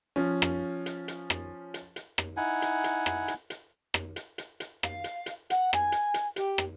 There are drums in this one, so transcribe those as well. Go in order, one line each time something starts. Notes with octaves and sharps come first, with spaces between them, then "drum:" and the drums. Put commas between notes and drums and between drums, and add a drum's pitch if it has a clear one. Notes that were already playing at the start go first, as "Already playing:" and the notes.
F3 C#4
drum: rim click
drum: hi-hat
drum: hi-hat
drum: rim click
drum: hi-hat
drum: hi-hat
drum: rim click
D#4 E4 F#5 G#5
drum: hi-hat
drum: hi-hat
drum: rim click
drum: hi-hat
drum: hi-hat
drum: rim click
drum: hi-hat
drum: hi-hat
drum: hi-hat
F5, drum: rim click
drum: hi-hat
drum: hi-hat
F#5, drum: hi-hat
G#5, drum: rim click
drum: hi-hat
drum: hi-hat
G4, drum: hi-hat
drum: rim click